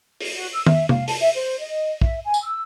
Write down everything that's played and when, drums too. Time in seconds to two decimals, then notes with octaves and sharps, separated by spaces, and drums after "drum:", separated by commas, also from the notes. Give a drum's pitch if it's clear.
0.21 drum: open hi-hat
0.32 F#4
0.54 E6
0.66 E5, drum: tom
0.89 F5, drum: tom C3
1.08 A5, drum: open hi-hat
1.21 E5
1.35 C5
1.59 D#5
2.02 E5, drum: kick
2.25 G#5
2.34 drum: tambourine
2.43 E6